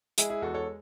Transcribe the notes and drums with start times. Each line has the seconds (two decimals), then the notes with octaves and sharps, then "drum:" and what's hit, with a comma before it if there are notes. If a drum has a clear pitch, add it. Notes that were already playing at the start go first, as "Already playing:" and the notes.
0.18 G#3 E4 G#4, drum: hi-hat
0.30 E4 G#4
0.42 E2 F#4 A4
0.54 A4 C#5